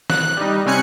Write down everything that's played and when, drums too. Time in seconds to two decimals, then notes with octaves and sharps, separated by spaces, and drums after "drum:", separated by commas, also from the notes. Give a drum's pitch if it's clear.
0.10 F#6, drum: snare
0.37 G3 D#4
0.66 C3 C4 C#4 G#5 F#6 C#7